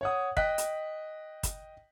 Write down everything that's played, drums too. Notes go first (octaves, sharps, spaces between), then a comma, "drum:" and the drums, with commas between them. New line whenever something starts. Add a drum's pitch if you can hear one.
C#5 F#5 D#6
D#5 G5 F#6 B6, drum: kick
drum: hi-hat
drum: kick, hi-hat